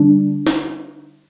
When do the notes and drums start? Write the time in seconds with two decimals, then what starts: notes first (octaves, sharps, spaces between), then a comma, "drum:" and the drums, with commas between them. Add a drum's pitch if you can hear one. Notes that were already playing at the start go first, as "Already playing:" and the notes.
Already playing: D3 G3 D4
0.47 drum: snare